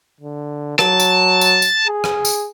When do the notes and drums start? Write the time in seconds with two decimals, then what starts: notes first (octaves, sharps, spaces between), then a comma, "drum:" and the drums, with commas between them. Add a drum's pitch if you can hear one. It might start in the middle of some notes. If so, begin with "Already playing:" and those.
0.21 D3
0.79 F#3 A5, drum: rim click
1.00 drum: tambourine
1.41 drum: tambourine
1.62 drum: tambourine
1.88 G#4
2.04 drum: rim click
2.25 drum: tambourine